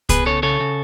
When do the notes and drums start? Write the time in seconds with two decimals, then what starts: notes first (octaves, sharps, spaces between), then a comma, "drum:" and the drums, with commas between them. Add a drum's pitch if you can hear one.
0.09 B3 G#4 B4, drum: kick C2, hi-hat
0.26 C#3 A4 C#5
0.43 C#3 A4 C#5
0.60 C#3